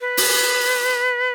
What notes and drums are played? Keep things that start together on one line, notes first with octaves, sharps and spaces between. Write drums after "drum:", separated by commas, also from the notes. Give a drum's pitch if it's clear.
B4
drum: open hi-hat